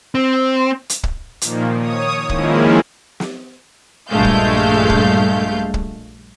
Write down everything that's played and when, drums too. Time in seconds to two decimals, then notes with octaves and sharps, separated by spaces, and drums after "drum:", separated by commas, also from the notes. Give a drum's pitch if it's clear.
0.15 C4
0.89 drum: hi-hat
1.03 drum: kick
1.41 A#2 D#3 F3 A#3, drum: hi-hat
1.77 C#5 D#6
2.29 D#3 F3 G#3 A#3 C#4 E4, drum: kick
3.20 drum: snare
4.09 A#1 G2 G#3 A3 F5 G6
4.24 drum: kick
4.89 drum: kick
5.74 drum: kick